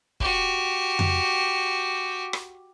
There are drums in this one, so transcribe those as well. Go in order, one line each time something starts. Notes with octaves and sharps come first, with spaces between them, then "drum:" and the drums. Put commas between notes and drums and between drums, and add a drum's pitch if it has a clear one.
F#4 G4, drum: kick
drum: tom F2
drum: rim click